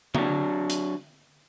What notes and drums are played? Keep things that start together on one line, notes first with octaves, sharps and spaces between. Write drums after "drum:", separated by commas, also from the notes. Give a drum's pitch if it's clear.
F#3 D4, drum: tom D3
drum: hi-hat